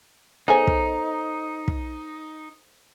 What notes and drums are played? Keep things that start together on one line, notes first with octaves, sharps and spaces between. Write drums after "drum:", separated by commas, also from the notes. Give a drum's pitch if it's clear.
B3 D#4 G#4 A4 C5 C#5 G#5
drum: kick
drum: kick